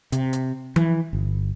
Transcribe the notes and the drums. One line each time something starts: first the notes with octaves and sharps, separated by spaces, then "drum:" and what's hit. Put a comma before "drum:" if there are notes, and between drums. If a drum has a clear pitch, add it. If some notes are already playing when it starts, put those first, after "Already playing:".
C3, drum: hi-hat
drum: hi-hat
E3, drum: tom F3
G1